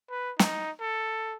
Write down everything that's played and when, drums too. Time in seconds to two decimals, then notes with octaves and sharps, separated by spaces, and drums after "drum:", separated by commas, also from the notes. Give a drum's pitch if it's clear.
0.10 B4
0.39 D#4, drum: snare
0.80 A4